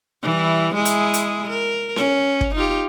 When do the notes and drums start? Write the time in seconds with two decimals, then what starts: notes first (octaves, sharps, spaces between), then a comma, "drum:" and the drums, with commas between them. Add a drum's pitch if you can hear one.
0.23 E3 G3 E4
0.75 G#3 E4 G#4
0.85 drum: hi-hat
1.14 drum: hi-hat
1.50 A#4
1.96 C#4, drum: snare C#4
2.41 drum: kick
2.55 D#4 F4 G4